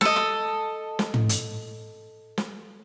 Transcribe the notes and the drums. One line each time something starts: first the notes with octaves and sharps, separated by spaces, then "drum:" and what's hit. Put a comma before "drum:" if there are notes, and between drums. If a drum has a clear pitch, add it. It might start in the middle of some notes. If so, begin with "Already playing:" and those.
A4 D#5, drum: snare
drum: rim click
drum: snare
drum: tom
drum: hi-hat
drum: snare